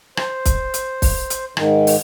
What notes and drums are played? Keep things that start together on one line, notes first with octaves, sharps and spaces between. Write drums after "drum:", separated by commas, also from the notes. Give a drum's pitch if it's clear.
C5, drum: rim click
drum: kick, hi-hat
drum: hi-hat
drum: kick, open hi-hat
drum: hi-hat
G#2 D#3, drum: rim click
drum: open hi-hat